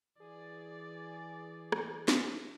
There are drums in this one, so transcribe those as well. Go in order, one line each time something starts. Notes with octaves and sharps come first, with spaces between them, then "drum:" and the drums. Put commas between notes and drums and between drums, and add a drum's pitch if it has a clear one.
E3 G#4 D5
drum: rim click
drum: snare